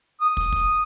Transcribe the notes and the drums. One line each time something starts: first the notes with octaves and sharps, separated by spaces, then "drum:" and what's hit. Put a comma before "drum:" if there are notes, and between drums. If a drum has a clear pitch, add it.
D#6
drum: kick
drum: kick